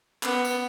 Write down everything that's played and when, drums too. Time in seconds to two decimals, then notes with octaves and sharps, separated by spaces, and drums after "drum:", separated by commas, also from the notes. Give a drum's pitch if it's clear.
0.23 B3, drum: clap
0.45 drum: tambourine